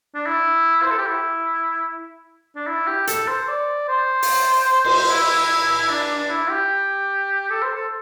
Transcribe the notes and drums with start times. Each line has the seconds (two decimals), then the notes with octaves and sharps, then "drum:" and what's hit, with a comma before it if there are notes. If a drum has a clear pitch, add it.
0.15 D4
0.26 E4
0.82 C5
0.91 A4
0.98 G4
1.07 E4
2.56 D4
2.67 E4
2.87 G4
3.07 A4, drum: hi-hat
3.28 C5
3.48 D5
3.88 C5
4.22 drum: open hi-hat
4.85 drum: cymbal
5.09 E4
5.89 D4
6.18 D4
6.29 E4
6.50 G4
7.50 A4
7.62 C5
7.75 A4